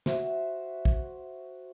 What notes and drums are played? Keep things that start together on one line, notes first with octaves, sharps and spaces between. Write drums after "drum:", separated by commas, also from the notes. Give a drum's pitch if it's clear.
F#4 C5 E5, drum: snare
drum: kick